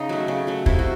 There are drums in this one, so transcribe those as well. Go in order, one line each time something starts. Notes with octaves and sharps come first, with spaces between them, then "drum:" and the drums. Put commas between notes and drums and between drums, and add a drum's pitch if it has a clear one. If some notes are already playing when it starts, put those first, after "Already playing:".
Already playing: C#3 D#4
F#3 A3
C#3
F#3 A3
C3 E4, drum: kick
F#4